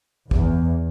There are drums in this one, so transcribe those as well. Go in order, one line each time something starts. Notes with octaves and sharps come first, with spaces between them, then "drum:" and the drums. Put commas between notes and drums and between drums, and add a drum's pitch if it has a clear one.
E2, drum: kick